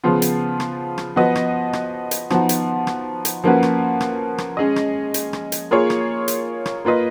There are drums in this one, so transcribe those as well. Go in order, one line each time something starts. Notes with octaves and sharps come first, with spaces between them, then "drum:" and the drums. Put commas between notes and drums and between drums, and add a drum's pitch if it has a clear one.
C#3 F3 B3 F4
drum: hi-hat
drum: rim click
drum: rim click
F3 B3 F#4 B4 D#5
drum: rim click
drum: rim click
drum: hi-hat
F3 B3 D#4 F#4, drum: rim click
drum: hi-hat
drum: rim click
drum: hi-hat
F3 A#3 C#4 F#4 B4
drum: rim click
drum: rim click
drum: rim click
G#3 C#4 G#4 D#5
drum: rim click
drum: hi-hat
drum: rim click
drum: hi-hat
A#3 F4 G#4 C#5
drum: rim click
drum: hi-hat
drum: rim click
A#3 F4 B4 D#5